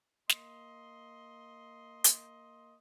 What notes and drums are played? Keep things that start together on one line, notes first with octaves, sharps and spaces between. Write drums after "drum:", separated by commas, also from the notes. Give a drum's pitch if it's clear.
A#3 D#5 C6, drum: snare
drum: hi-hat